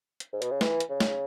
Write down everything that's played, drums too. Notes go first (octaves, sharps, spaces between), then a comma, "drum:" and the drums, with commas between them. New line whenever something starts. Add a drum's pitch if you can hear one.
drum: hi-hat
G#2
B2, drum: hi-hat
C#3
E3, drum: snare
drum: hi-hat
C#3
drum: snare